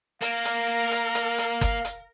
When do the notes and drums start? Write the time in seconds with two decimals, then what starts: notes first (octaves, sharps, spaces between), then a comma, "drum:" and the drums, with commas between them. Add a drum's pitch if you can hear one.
0.22 A#3 A#4 F5, drum: hi-hat
0.45 drum: hi-hat
0.92 drum: hi-hat
1.15 drum: hi-hat
1.38 drum: hi-hat
1.61 drum: kick G1, hi-hat
1.85 drum: hi-hat